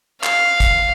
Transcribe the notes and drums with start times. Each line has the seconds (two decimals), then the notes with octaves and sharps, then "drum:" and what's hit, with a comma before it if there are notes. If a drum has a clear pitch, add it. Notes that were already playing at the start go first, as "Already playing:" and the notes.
0.23 F5, drum: clap
0.60 drum: kick, hi-hat